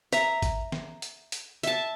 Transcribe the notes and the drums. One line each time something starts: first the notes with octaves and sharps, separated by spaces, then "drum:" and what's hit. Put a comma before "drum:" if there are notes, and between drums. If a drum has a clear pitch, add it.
E5 A#5, drum: hi-hat
drum: kick G#1, hi-hat
drum: snare
drum: hi-hat
drum: hi-hat
E5 A5, drum: hi-hat